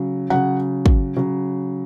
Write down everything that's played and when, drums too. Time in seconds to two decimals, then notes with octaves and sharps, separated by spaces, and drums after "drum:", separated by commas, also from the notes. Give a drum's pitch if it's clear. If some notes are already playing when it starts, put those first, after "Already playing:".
Already playing: C#3 F#3
0.30 C#3 F#3 F#5
0.86 drum: kick
1.16 C#3 F#3